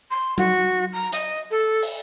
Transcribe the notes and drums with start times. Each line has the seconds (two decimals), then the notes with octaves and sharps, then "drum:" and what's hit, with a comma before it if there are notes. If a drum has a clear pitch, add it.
0.10 C6
0.38 F#4, drum: tom F#3
0.92 A#5
1.12 D#5, drum: hi-hat
1.50 A4
1.82 drum: open hi-hat